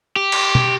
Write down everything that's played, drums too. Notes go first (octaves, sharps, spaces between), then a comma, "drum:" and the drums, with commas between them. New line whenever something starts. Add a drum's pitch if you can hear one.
G4
drum: cymbal
drum: tom